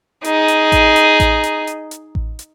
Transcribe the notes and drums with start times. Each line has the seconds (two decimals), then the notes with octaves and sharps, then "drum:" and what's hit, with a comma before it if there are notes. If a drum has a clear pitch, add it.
0.24 D#4 G#4, drum: hi-hat
0.48 drum: hi-hat
0.72 drum: kick A1, hi-hat
0.96 drum: hi-hat
1.20 drum: kick A1, hi-hat
1.44 drum: hi-hat
1.67 drum: hi-hat
1.91 drum: hi-hat
2.15 drum: kick A1
2.39 drum: hi-hat